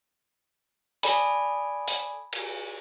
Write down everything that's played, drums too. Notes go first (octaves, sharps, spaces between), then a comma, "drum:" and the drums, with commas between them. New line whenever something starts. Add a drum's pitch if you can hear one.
A4 D5 G#5 B5, drum: open hi-hat
drum: open hi-hat
drum: cymbal